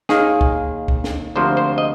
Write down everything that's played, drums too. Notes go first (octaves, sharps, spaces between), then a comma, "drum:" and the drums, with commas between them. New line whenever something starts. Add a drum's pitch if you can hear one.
D#2 D#3 A#3 G#4, drum: snare
drum: kick C#2
drum: kick C#2
drum: snare
D2 C3 F3 A#3 C5
C5
D#5